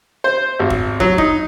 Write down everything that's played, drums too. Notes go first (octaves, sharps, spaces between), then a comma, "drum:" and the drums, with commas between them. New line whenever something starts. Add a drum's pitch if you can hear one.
C5
G#1
drum: kick
F#3, drum: kick
D#4, drum: kick